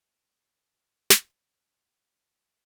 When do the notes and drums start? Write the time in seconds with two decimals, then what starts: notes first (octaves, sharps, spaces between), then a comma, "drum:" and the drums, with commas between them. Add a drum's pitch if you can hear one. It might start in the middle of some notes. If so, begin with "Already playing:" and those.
0.58 E6
1.10 drum: snare
1.34 C#5
1.66 G5
1.98 B6